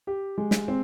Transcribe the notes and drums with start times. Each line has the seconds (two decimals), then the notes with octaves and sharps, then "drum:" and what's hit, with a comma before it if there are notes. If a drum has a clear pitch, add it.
0.07 G4
0.38 G#3
0.51 drum: snare
0.68 C4